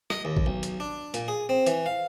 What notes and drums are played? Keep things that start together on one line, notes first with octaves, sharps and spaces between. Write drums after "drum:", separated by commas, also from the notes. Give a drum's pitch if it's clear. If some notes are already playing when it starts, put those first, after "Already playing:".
D#5, drum: rim click
D#2
drum: kick A1
B1
drum: hi-hat
D4
A#2, drum: hi-hat
G#4
C4
E3, drum: hi-hat
F5